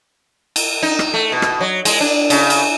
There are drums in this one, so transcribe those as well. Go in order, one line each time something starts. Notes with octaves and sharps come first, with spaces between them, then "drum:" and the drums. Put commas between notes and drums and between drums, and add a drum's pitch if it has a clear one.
drum: cymbal
D#4
drum: rim click
A3
B2
drum: rim click
F#3
G#3, drum: cymbal
D4
C#3, drum: cymbal
drum: cymbal